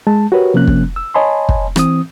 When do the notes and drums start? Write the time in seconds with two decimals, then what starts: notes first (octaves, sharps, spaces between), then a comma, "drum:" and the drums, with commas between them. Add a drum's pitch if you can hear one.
0.07 G#3 A5
0.32 F#4 G4 A#4 B4 C#5
0.54 C3 F3 A#3 C#4 F#6
0.67 drum: kick
0.96 E6
1.14 C#5 D#5 G#5 A5 B5 C6
1.49 drum: kick
1.76 E3 C4 D#6, drum: rim click